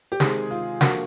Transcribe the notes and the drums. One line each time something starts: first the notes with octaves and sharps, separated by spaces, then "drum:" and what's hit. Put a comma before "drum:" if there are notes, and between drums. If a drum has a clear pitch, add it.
G4
C3 D#3 G#3 C4 G#4, drum: snare
F4
D3 F3 A#3 F#4, drum: snare